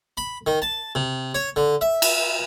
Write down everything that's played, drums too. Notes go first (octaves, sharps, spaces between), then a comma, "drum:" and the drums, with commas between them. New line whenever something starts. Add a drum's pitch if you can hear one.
B5
D#3
A5
C3
C#5
D3
E5
drum: cymbal